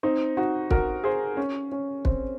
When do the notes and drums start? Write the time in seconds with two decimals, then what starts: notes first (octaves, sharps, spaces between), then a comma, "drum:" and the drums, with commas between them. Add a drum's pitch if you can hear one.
0.03 C4 D#4
0.37 D#4 F#4
0.71 F#4 A#4, drum: kick
1.04 G#4 C5
1.37 C#4
1.72 C#4
2.05 C4, drum: kick